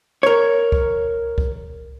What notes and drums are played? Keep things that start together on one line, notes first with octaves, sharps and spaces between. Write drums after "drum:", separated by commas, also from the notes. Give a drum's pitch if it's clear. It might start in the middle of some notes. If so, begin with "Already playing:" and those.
A#4 C#5
drum: kick
drum: kick